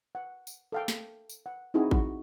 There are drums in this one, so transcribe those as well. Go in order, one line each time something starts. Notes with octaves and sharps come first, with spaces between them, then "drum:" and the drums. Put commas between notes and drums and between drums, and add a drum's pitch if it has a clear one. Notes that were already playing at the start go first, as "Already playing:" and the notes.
F#5
drum: tambourine
A4 F5 G5
drum: snare
drum: tambourine
F#5
C4 D#4 E4 F#4 G#4
F#4, drum: kick A1